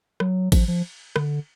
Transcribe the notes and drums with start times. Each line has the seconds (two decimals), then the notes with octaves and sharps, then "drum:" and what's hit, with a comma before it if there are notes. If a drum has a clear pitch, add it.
0.20 F#3, drum: rim click
0.52 F3, drum: kick, cymbal
0.68 F3
1.16 D3, drum: rim click